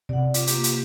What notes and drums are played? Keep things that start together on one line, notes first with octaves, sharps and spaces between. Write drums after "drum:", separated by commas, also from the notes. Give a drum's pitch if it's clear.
C3 D5 F#5
F4 D6, drum: hi-hat
A#3 G4, drum: hi-hat
drum: hi-hat